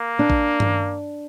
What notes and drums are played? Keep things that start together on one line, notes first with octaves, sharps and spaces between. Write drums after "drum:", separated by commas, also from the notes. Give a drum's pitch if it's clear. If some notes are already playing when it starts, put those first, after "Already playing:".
Already playing: A#3
D4
drum: kick A#1
drum: tom G2